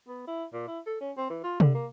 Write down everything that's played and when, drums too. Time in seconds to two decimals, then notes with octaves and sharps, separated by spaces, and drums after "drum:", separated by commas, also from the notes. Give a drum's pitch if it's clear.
0.08 B3
0.27 E4
0.53 A#2
0.68 E4
0.87 A4
1.01 C#4
1.17 C4
1.30 E3
1.44 F4
1.60 D3, drum: tom C3
1.75 A#3